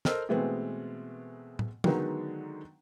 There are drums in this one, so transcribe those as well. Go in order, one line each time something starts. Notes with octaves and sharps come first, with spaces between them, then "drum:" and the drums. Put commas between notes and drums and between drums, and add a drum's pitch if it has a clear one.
A4 A#4 C5 D#5 A#5 E6, drum: snare
B2 E3 G#3 A3 B3 C4
drum: tom A2
D3 D#3 F#3 G#3 B3 D#4, drum: tom